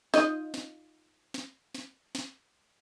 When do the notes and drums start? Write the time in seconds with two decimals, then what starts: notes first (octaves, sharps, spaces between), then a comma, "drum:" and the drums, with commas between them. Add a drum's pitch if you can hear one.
0.14 D#4 F4 D#5, drum: snare
0.54 drum: snare
1.34 drum: snare
1.75 drum: snare
2.15 drum: snare